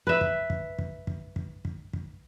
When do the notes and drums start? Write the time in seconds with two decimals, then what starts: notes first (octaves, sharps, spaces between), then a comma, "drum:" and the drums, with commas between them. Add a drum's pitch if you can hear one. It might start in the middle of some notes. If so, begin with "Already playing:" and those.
0.07 B4 E5
0.21 drum: kick
0.50 drum: kick
0.79 drum: kick
1.07 drum: kick
1.36 drum: kick
1.65 drum: kick
1.93 drum: kick